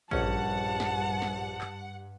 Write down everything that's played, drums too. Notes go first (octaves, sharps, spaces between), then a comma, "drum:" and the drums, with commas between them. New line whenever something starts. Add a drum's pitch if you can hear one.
A#1 G2 C#4 F#5 A5, drum: kick
drum: snare
drum: snare
drum: clap